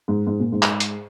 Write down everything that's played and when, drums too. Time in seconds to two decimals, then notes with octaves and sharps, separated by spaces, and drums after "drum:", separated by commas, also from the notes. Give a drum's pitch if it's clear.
0.08 G#2
0.27 G#2
0.40 A#2
0.52 G#2
0.62 drum: clap
0.80 drum: hi-hat